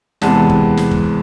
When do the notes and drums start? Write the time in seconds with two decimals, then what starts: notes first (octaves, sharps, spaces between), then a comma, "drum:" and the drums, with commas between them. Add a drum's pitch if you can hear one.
0.22 E2 C3 G#3 B3 A5, drum: snare
0.50 drum: kick
0.77 drum: snare
0.91 drum: kick